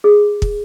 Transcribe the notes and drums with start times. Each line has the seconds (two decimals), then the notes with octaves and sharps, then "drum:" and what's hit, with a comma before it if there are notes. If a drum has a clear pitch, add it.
0.04 G#4
0.42 drum: kick